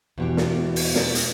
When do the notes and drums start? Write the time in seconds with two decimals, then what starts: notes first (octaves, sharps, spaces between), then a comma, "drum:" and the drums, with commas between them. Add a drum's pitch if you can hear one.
0.18 E2 B2 G4
0.37 drum: snare
0.76 drum: open hi-hat
0.95 drum: snare
1.15 drum: hi-hat